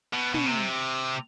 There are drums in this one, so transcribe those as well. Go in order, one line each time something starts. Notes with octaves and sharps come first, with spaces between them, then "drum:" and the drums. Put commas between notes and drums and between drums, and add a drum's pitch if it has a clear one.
B2
B2, drum: tom
C3